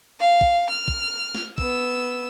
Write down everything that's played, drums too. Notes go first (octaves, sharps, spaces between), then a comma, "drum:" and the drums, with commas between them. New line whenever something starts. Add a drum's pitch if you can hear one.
F5
drum: kick
F6
drum: kick
drum: snare
B3 E6, drum: kick